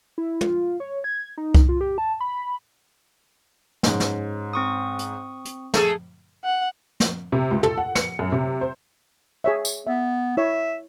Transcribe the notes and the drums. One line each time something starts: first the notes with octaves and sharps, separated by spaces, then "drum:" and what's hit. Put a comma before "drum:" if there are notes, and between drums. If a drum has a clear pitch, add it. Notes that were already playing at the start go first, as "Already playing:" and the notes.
E4
F4, drum: tom
C#5
G#6
D#4
drum: kick C2
F4
G4
A5
B5
G#2 C#4, drum: snare
drum: snare
C4 C#6 D#6
drum: hi-hat
drum: hi-hat
A3 G#4 A4, drum: snare
F#5
drum: snare
C3
C#2
A4, drum: tom
F#5
C#7, drum: snare
F#2
C3
C5
G#4 C#5 E5
drum: tambourine
B3 E5
E4 C#5 E5